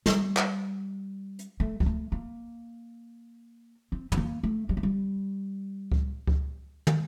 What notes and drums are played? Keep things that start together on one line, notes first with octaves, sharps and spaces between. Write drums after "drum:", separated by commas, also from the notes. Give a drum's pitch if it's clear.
G3, drum: snare
drum: clap
drum: hi-hat
A3
G3, drum: kick C#2
A3
A#3
C4
C4, drum: tom
A#3
A3
G3
A3
G3
drum: kick C#2
drum: kick C#2
drum: tom